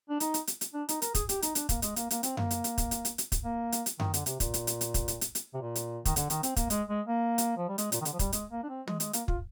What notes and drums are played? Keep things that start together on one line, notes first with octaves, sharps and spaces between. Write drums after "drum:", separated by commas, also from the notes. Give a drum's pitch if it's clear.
D4
D#4, drum: hi-hat
drum: hi-hat
drum: hi-hat
drum: hi-hat
D4
D#4, drum: hi-hat
A#4, drum: hi-hat
G#4, drum: kick, hi-hat
G4, drum: hi-hat
D#4, drum: hi-hat
D4, drum: hi-hat
A#3, drum: kick, hi-hat
G#3, drum: hi-hat
A#3, drum: hi-hat
A#3, drum: hi-hat
C4, drum: hi-hat
A#3, drum: tom F#2
drum: hi-hat
drum: hi-hat
drum: kick, hi-hat
drum: hi-hat
drum: hi-hat
drum: hi-hat
drum: kick, hi-hat
A#3
drum: hi-hat
drum: hi-hat
D#3, drum: tom F#2
D3, drum: hi-hat
C3, drum: hi-hat
A#2, drum: kick, hi-hat
drum: hi-hat
drum: hi-hat
drum: hi-hat
drum: kick, hi-hat
drum: hi-hat
drum: hi-hat
drum: hi-hat
C3
A#2
drum: hi-hat
D#3, drum: kick, hi-hat
D3, drum: hi-hat
D#3, drum: hi-hat
C4, drum: hi-hat
A#3, drum: kick, hi-hat
G#3, drum: hi-hat
G#3
A#3
drum: hi-hat
F3
G3
G#3, drum: hi-hat
A#2, drum: hi-hat
D#3
D3, drum: hi-hat
F3
G3, drum: kick, hi-hat
G#3, drum: hi-hat
A#3
D4
C4
G#3, drum: tom
G#3, drum: hi-hat
A#3, drum: hi-hat
F4, drum: kick